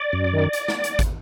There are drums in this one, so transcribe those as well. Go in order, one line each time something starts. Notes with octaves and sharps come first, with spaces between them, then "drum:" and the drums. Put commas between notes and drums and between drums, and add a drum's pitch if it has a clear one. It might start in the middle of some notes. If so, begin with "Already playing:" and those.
Already playing: D5
F#2
D#3
drum: hi-hat
drum: snare
drum: hi-hat
drum: kick, hi-hat